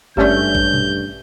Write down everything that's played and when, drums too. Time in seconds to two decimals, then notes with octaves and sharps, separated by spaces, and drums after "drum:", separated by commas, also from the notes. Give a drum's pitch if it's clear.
0.17 G#1 G2 A3 C#4 G4 D5 G6
0.55 drum: kick A1
0.74 drum: tom A#2